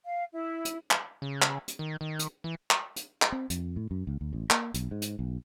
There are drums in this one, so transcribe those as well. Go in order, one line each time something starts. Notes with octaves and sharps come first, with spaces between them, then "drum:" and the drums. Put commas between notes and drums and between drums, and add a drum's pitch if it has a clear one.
F5
E4
drum: hi-hat
drum: clap
C#3
drum: clap
drum: hi-hat
D#3
D#3
drum: hi-hat
E3
drum: clap
drum: hi-hat
drum: clap
C4
F2, drum: hi-hat
A2
F#2
C#2
D2
A1
A#3, drum: clap
B1, drum: hi-hat
G#2
drum: hi-hat
B1